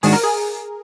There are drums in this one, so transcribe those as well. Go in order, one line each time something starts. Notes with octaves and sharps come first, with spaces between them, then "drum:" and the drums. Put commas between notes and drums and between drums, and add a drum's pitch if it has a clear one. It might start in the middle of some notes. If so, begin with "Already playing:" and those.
G#2 D#3 G#3 D4 F#4 G#4, drum: open hi-hat
A#4
G#4